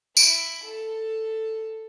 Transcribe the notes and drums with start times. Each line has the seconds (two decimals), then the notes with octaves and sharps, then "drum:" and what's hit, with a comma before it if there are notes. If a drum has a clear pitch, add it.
0.17 E4, drum: tambourine
0.64 A4